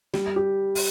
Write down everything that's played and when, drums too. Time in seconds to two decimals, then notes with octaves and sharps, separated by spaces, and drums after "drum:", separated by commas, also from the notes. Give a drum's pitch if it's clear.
0.13 G3, drum: snare
0.36 G4
0.75 drum: open hi-hat